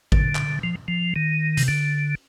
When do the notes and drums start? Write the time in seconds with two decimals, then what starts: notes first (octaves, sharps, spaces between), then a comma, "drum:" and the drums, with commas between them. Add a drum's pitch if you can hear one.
0.12 D3, drum: kick G#1
0.35 drum: clap
0.63 F3
0.88 F3
1.16 D#3
1.57 C3, drum: hi-hat
1.68 D3